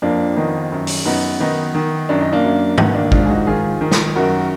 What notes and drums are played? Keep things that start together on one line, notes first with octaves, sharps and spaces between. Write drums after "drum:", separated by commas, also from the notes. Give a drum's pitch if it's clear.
F2 A#3 D4
D#3 B3 D#4
F#2
drum: open hi-hat
F#2 B3 D#4
D#3 B3 D#4
D#3
F#2 D4
D#4
A#3 D4
F#2
D#3 B3, drum: tom G#2
A#3 D4
G#2 D4 F4, drum: kick
G#4
D#4 F#4
D#3 F4 G#4
D#3
drum: snare
F#2 F#4 A#4